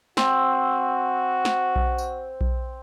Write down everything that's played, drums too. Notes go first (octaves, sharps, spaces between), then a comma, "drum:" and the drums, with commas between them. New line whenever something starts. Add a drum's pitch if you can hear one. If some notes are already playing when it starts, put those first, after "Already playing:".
C4 F#4, drum: snare
drum: snare
drum: kick B1
drum: tambourine
drum: kick B1